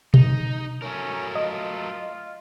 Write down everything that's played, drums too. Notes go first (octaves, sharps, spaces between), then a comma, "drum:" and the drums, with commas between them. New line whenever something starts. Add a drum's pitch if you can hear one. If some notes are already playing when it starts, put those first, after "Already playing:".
D#4, drum: tom B2
F#3 A3 C#4 A#4
F4 D#5